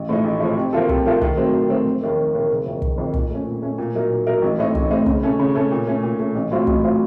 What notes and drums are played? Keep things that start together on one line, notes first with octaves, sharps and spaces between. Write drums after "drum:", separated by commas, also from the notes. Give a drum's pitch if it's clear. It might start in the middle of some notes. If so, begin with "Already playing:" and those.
Already playing: A1
A2 F3 A3 D#4
A1
A2 F3 A3 D#4
C3
F3 A#3 F4 A4
C3, drum: kick
F3 A#3 F4 A4
D#3, drum: kick
F#3 A3 C4
D#3
F#3 A3 C4
F1
D#2 D#3 A#3
F1
D#2 D#3 A#3
F#1
F2 D#3
F#1, drum: kick
F2 D#3
A#2, drum: kick
A3 C#4
A#2
A3 C#4
A#2
F#3 A#3 D#4 A#4
A#2
F#3 A#3 D#4 A#4
A1
A2 A3 C4 D#4
A1, drum: kick
A2 A3 C4 D#4
C#3, drum: kick
A3 C#4 A4
C#3
A3 C#4 A4
A#2
A3 C#4
A#2
A3 C#4
A1
A2 F#3 C4 F4
A1, drum: kick
A2 F#3 C4 F4